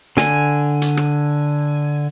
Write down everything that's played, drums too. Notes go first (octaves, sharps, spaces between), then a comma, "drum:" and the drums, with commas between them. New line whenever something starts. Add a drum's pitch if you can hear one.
D3 G#5, drum: snare
drum: hi-hat
drum: rim click